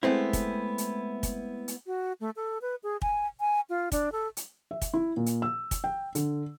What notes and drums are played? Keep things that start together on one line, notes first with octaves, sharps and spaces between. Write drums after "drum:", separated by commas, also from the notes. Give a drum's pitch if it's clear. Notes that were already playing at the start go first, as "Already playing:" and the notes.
G#3 A3 B3 C4 E4
drum: kick, hi-hat
drum: hi-hat
drum: kick, hi-hat
drum: hi-hat
F#4
A3
A4
B4
G#4
G#5, drum: kick
G#5
F4
D4, drum: kick, hi-hat
A4
drum: hi-hat
E5
drum: kick, hi-hat
E4
A#2
drum: hi-hat
E6
drum: kick, hi-hat
G5
D3, drum: hi-hat